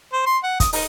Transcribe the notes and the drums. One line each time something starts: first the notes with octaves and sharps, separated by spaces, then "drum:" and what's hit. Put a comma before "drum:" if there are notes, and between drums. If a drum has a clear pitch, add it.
C5
C6
F#5
D#6, drum: kick, hi-hat
D#4, drum: open hi-hat